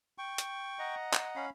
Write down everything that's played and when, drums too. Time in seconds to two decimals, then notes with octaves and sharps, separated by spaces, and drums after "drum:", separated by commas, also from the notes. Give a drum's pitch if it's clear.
0.18 G5 C#6
0.38 drum: hi-hat
0.79 D#5 F#5 A#5
1.13 drum: clap
1.36 C#4 F5 B5